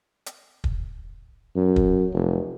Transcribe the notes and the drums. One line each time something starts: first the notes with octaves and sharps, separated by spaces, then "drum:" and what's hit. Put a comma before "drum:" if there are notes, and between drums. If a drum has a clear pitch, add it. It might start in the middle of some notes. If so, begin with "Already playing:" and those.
drum: hi-hat
drum: kick
F#2
drum: kick
F1